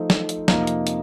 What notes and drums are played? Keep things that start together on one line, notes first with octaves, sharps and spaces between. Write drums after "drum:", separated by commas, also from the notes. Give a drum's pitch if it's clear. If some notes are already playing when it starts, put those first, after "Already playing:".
Already playing: F3 A3 D#4 A4 C5
drum: snare
drum: hi-hat
F2 C3 F3 A#3 D#4, drum: snare
drum: hi-hat
drum: hi-hat